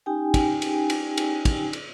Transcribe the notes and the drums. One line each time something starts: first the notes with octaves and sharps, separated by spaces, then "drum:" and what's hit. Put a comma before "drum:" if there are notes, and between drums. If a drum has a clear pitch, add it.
C#4 D#4 G4 G5 G#5
drum: kick, cymbal
drum: cymbal
drum: cymbal
drum: cymbal
drum: kick, cymbal
drum: cymbal